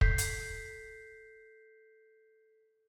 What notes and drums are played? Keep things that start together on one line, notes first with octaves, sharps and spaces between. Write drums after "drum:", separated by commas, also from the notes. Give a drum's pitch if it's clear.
A4 G6 B6 C7, drum: kick
drum: hi-hat